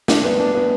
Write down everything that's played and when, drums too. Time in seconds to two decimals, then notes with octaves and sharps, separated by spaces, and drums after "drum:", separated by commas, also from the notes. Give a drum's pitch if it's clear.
0.08 D4, drum: snare
0.24 B3
0.40 D4
0.55 B3